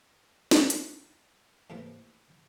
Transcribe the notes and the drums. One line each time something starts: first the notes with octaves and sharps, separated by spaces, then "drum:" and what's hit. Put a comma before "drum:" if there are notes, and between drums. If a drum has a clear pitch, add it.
drum: snare
drum: hi-hat
A2 C3 A#3 B3